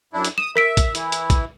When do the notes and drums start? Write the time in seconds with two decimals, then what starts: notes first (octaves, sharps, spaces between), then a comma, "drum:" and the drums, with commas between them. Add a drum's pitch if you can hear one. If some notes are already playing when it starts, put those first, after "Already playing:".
0.13 F#2 D4 E4
0.25 drum: hi-hat
0.38 D#6 E7
0.56 A#4 E5 B6 D7
0.77 drum: kick A#1, hi-hat
0.95 E3 E4, drum: hi-hat
1.12 drum: hi-hat
1.30 drum: kick A#1, hi-hat